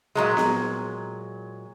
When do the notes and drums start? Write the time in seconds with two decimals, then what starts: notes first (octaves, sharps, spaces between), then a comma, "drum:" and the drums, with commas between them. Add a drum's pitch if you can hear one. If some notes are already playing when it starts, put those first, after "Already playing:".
0.15 A#2 C#3 F#3 G#3
0.37 drum: snare B3